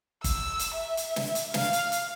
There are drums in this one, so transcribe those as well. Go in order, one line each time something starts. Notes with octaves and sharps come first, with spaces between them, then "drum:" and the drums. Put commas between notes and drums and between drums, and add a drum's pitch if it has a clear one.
E6, drum: kick G1, hi-hat
drum: hi-hat
E5
drum: hi-hat
drum: snare
drum: hi-hat
F5, drum: snare
drum: hi-hat
drum: hi-hat